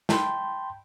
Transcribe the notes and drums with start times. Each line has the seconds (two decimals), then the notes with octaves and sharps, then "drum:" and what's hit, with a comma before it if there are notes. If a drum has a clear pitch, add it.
0.09 G5 A5 B5 C6 G6, drum: snare